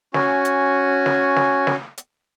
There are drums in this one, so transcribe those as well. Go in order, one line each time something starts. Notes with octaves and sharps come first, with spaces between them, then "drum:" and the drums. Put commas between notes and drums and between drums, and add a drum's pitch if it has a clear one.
C#4 F#4 G#5, drum: snare
drum: hi-hat
drum: snare
drum: snare
drum: snare
drum: hi-hat